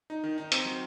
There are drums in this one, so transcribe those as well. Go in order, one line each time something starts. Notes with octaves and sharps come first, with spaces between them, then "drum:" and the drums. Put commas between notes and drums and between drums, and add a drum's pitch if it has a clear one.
D#4
D#3
D#4
C4, drum: hi-hat
F#3